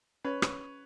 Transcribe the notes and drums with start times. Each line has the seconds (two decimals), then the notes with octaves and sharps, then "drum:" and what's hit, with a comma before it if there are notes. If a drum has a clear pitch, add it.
0.24 C#4 B4 C#5
0.42 drum: rim click